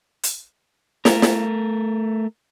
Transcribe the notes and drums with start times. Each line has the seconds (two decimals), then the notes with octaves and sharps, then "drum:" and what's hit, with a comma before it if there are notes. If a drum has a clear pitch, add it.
0.23 drum: hi-hat
1.05 A3 A#4, drum: snare
1.22 drum: snare